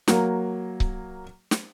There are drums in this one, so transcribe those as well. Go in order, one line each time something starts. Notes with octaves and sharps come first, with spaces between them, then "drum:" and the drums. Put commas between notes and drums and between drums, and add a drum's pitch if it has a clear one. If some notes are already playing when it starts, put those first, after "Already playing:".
F#3 A#3, drum: snare
drum: kick C#1
drum: snare